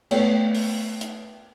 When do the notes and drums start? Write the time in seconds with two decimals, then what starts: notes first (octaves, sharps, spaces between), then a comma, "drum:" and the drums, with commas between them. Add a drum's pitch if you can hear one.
0.11 A3 B3 C#5 G5, drum: cymbal
0.55 drum: open hi-hat
1.01 drum: hi-hat